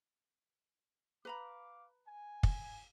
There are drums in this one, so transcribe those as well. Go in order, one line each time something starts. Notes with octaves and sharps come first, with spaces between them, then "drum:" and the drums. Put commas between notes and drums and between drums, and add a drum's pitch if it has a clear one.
B4 F5 A#5 B5 D6
G#5
drum: kick